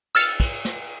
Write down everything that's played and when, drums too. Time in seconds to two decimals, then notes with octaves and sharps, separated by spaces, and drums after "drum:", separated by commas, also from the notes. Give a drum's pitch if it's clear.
0.15 E6 F6 A6 C#7, drum: cymbal
0.40 drum: kick, cymbal
0.65 drum: snare